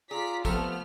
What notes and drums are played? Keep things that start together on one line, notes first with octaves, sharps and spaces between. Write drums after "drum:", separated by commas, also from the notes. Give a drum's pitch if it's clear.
F4 G#4 D5 A#5 B6
C3 F3 A3 B3 A4 F6, drum: kick, tambourine